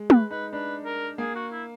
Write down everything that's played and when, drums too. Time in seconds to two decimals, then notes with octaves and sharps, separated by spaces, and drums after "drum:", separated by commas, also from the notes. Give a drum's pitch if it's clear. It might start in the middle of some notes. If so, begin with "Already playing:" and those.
Already playing: G#3
0.10 B4, drum: tom
0.31 D#4 B4
0.53 D4 B4
0.85 A#4
1.18 A#3 G#4
1.35 F#4
1.52 E4